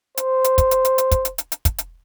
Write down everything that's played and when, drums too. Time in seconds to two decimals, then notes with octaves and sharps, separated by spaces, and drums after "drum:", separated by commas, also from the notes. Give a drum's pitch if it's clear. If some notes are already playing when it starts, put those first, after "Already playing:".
0.17 C5, drum: hi-hat
0.44 drum: hi-hat
0.58 drum: kick, hi-hat
0.71 drum: hi-hat
0.85 drum: hi-hat
0.98 drum: hi-hat
1.11 drum: kick, hi-hat
1.25 drum: hi-hat
1.38 drum: hi-hat
1.52 drum: hi-hat
1.65 drum: kick, hi-hat
1.78 drum: hi-hat